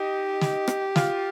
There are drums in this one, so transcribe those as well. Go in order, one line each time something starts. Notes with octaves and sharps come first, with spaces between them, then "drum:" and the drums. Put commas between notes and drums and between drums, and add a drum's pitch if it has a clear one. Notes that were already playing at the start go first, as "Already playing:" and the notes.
Already playing: D#4 G4
drum: snare
drum: rim click
F4, drum: snare